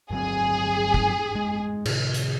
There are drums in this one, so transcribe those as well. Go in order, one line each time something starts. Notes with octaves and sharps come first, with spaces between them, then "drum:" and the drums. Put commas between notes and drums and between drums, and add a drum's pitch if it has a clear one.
G1 F#3 C4 G#4
drum: kick
G#3
A2 C3, drum: cymbal
drum: hi-hat